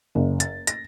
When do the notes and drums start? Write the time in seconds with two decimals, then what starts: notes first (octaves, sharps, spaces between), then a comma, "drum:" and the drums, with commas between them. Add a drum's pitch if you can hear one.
0.15 F#1
0.40 A6, drum: hi-hat
0.67 A#6, drum: hi-hat